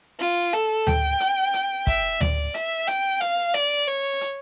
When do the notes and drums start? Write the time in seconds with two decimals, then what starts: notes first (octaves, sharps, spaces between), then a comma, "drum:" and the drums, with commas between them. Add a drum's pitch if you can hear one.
0.20 F4, drum: hi-hat
0.53 A4, drum: hi-hat
0.87 G5, drum: tom D2
1.20 drum: hi-hat
1.54 drum: hi-hat
1.87 E5, drum: kick, hi-hat
2.21 D5, drum: tom D2
2.54 E5, drum: hi-hat
2.88 G5, drum: hi-hat
3.21 F5, drum: hi-hat
3.54 D5, drum: hi-hat
3.88 C#5
4.21 drum: hi-hat